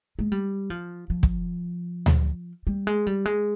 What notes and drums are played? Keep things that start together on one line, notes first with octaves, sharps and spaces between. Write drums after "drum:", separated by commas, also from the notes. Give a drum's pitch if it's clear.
G#3
G3
F3
F3
drum: kick
drum: tom D2
G3
G#3
G3
G#3